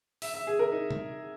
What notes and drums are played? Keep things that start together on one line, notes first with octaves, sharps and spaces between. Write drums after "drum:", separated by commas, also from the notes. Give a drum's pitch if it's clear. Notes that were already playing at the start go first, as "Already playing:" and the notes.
E5, drum: open hi-hat
E5
G#4
A#4
D#4
drum: tom